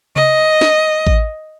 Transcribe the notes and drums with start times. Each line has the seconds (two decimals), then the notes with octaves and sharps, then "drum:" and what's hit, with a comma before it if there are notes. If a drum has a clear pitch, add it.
0.16 D#5, drum: tom C3
0.61 drum: snare
1.07 drum: kick A1